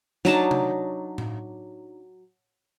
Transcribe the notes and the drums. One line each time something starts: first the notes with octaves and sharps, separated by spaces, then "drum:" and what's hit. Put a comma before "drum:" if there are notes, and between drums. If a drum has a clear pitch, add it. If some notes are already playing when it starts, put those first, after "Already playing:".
F#3 D4 D#4 A5, drum: snare
drum: tom C3
drum: tom A2